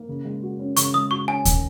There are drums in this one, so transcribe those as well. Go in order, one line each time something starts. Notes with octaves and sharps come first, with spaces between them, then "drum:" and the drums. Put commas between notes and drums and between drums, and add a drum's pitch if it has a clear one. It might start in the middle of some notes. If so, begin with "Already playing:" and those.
Already playing: A#3
C#3
G#3
F#4
C#4
C#3 C#6, drum: hi-hat
G#3 D#6
F#4 C#6
C#4 G#5
D#3, drum: kick D2, hi-hat